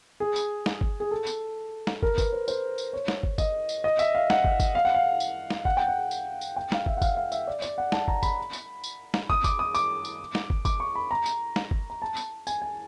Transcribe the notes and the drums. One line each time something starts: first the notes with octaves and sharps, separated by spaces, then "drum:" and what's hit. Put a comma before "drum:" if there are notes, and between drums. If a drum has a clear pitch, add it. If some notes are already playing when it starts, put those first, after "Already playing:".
G#4
drum: tambourine
drum: snare
drum: kick
G#4
A4
drum: tambourine
drum: snare
A#4, drum: kick
B4, drum: kick, tambourine
C5
C5, drum: tambourine
drum: tambourine
C#5
drum: snare
drum: kick
D#5, drum: kick, tambourine
drum: tambourine
D#5
E5, drum: tambourine
F5
F#5, drum: snare
drum: kick
drum: kick, tambourine
F5
F#5
F5
drum: tambourine
drum: snare
F#5, drum: kick
G5
F#5
drum: tambourine
drum: tambourine
G5
F5, drum: snare
E5, drum: kick
F#5
F5, drum: kick, tambourine
F5
E5, drum: tambourine
D5
D5, drum: tambourine
F#5
A5, drum: snare
A#5, drum: kick
B5, drum: kick, tambourine
drum: tambourine
drum: tambourine
drum: snare
D#6, drum: kick
D6, drum: kick, tambourine
D#6
D6, drum: tambourine
drum: tambourine
drum: snare
drum: kick
D6, drum: kick, tambourine
C#6
B5
A#5
drum: tambourine
drum: snare
drum: kick
A#5
A5
drum: tambourine
G#5, drum: tambourine
G#5